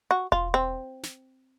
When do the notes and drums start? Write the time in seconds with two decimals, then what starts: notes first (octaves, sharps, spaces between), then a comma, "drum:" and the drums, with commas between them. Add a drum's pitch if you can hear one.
0.11 F#4
0.32 F4, drum: kick E1
0.54 C4
1.03 drum: snare